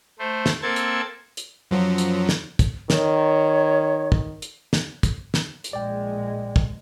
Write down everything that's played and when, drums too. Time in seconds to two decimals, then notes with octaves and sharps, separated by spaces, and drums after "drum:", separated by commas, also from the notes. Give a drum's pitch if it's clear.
0.19 A3 C5
0.46 drum: snare
0.62 A#3 C4 A4 A5 G#6
0.76 drum: hi-hat
1.37 drum: hi-hat
1.71 F#2 F3 F#3
1.98 drum: hi-hat
2.29 drum: snare
2.59 drum: kick, hi-hat
2.90 D#3 C#5, drum: snare
4.12 drum: kick
4.42 drum: hi-hat
4.73 drum: snare
5.03 drum: kick, hi-hat
5.34 drum: snare
5.64 drum: hi-hat
5.73 A#1 G#3 D5 G5
6.56 drum: kick